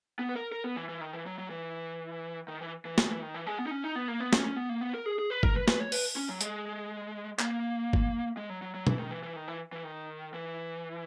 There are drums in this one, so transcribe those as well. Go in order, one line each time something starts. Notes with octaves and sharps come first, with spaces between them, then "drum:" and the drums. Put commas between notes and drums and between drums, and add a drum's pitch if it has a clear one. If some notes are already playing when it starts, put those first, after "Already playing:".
B3
B4
A#4
A#4
B3
E3
E3
D#3
E3
F#3
F#3
E3
D#3
E3
E3
D#3, drum: snare
E3
D#3
E3
G#3
B3
D#4
C#4
D#4
B3
A#3
B3
C#4, drum: snare
C#4
B3
A#3
B3
A#4
G#4
G#4
B4
A#4, drum: kick
B4
B4, drum: snare
C#5
B4, drum: open hi-hat
C#4
F#3
G#3, drum: hi-hat
A#3, drum: clap
drum: kick
G#3
F#3
F#3
F#3
E3, drum: tom B2
D#3
E3
E3
D#3
E3
E3
D#3
E3